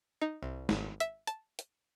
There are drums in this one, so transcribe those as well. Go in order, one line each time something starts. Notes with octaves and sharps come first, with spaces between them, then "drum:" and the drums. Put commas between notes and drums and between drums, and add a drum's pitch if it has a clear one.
D#4
C2
G#1, drum: snare
E5, drum: hi-hat
A5, drum: hi-hat
drum: hi-hat